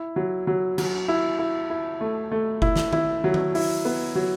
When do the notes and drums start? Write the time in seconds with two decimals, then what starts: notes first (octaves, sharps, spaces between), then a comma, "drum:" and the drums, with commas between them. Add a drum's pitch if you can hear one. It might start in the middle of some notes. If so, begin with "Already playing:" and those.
Already playing: E4
0.16 F#3
0.47 F#3
0.78 F#3, drum: cymbal
1.08 E4
1.39 E4
1.70 E4
2.01 A3
2.32 A3
2.62 E4, drum: kick F#1
2.76 drum: snare
2.93 E4, drum: tom D#3
3.24 F#3
3.34 drum: tom D#3
3.55 E4, drum: open hi-hat
3.85 B3
4.15 F#3